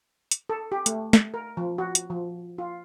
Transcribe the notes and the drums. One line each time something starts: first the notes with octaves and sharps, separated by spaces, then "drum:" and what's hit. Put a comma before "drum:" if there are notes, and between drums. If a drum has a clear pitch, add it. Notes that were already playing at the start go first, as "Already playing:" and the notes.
drum: hi-hat
A4
G4
A3, drum: hi-hat
drum: snare
A#4
F3
F#4
drum: hi-hat
F3
F4